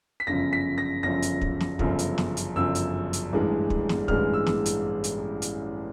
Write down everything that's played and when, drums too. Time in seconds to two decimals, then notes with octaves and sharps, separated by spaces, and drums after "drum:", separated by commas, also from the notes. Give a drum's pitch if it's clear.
0.20 B6
0.27 G1 F#2 C#3 F3 A#6
0.53 B6
0.78 A#6
1.03 G1 F#2 C#3 F3 A#6
1.22 drum: hi-hat
1.41 drum: kick
1.61 drum: snare
1.79 G1 F#2 C#3 F3, drum: kick
1.99 drum: hi-hat
2.18 drum: snare
2.37 drum: hi-hat
2.56 G1 F#2 C#3 F3 E6
2.75 drum: hi-hat
3.13 drum: hi-hat
3.32 A1 G2 E3 G#3
3.70 drum: kick
3.89 drum: snare
4.08 A1 G2 E3 G#3 F6, drum: kick
4.33 E6
4.46 drum: snare
4.66 drum: hi-hat
5.04 drum: hi-hat
5.42 drum: hi-hat